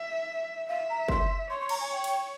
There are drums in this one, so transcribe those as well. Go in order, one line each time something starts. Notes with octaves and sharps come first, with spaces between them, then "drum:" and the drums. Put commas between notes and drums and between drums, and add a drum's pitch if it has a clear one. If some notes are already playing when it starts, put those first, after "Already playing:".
Already playing: E5
E5 F5
A#5
C6, drum: kick
C#5 C6
C6
A#5, drum: cymbal
G#5
G5
drum: cymbal